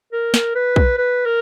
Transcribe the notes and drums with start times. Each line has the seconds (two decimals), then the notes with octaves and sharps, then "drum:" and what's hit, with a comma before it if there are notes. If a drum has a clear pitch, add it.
0.13 A#4
0.34 drum: snare
0.55 B4
0.76 drum: kick
0.98 B4
1.26 A#4